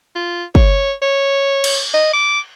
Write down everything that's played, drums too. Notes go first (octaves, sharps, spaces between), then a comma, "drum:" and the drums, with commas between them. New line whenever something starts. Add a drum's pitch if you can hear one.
F4
C#5, drum: kick
C#5
drum: cymbal
D#5
D6